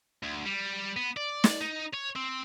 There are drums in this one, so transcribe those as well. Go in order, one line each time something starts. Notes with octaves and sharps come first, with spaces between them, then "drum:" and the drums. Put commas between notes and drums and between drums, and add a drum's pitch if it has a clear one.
D2
G3
B3
D5
drum: snare
D#4
C#5
C4